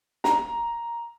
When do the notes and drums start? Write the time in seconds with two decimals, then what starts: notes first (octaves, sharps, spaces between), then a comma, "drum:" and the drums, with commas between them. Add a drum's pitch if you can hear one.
0.24 A#5, drum: snare